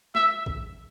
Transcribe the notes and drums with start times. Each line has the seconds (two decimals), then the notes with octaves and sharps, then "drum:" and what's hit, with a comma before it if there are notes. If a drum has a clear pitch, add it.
0.15 E5, drum: snare
0.46 drum: kick A#1